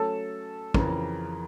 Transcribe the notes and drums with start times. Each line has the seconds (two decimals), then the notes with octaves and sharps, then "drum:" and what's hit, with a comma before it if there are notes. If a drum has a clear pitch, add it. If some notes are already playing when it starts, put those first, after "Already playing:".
Already playing: F#3 A3 C#4 A4
0.74 F2 C#3 E3 A#4, drum: kick